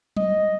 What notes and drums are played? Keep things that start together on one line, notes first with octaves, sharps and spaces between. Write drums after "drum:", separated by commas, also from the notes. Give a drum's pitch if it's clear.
D#5, drum: tom F#3